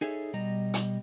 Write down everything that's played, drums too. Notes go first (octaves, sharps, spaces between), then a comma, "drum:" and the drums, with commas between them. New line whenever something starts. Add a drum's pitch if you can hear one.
D#4 G#4 A4 C#5 E5
B2 G3 D#5 A#5
drum: hi-hat